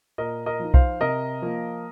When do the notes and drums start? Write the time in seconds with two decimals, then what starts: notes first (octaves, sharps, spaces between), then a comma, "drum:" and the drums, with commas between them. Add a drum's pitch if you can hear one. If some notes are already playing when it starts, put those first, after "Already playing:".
0.18 A#2 A#4 D#5
0.46 A#4 D#5
0.60 F3 D#4
0.74 C5 F5, drum: kick B1
1.01 C3 A#4 D#5
1.42 F3 A#3